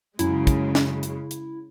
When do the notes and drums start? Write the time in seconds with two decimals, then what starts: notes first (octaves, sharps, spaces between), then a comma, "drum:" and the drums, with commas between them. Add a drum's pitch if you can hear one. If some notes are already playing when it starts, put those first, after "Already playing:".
0.19 F#2 C#3 G#3 E4, drum: hi-hat
0.47 drum: kick, hi-hat
0.75 drum: snare
1.03 drum: hi-hat
1.31 drum: hi-hat